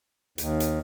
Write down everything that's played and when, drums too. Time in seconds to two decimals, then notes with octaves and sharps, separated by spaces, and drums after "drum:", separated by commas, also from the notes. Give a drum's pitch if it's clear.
0.38 D#2, drum: hi-hat
0.60 drum: hi-hat